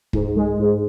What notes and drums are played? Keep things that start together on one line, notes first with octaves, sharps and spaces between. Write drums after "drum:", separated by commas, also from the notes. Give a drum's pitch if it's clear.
G#2, drum: kick
G#3
G#2